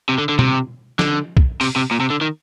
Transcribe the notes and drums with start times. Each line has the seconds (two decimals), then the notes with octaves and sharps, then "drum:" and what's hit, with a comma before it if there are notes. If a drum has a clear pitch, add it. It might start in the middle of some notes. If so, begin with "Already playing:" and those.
0.09 C3
0.18 D3
0.29 D3
0.39 C3, drum: tom B2
0.99 D3, drum: snare
1.37 drum: kick
1.61 C3, drum: open hi-hat
1.76 C3
1.91 A#2
2.00 C3
2.10 D3
2.21 D#3